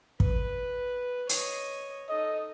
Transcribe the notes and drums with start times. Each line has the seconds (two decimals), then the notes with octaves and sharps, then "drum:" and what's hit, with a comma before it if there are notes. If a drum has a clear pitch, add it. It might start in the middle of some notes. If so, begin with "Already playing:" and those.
0.20 B4, drum: kick
1.29 C#5 D#5, drum: hi-hat
2.09 D#4 A4 D#5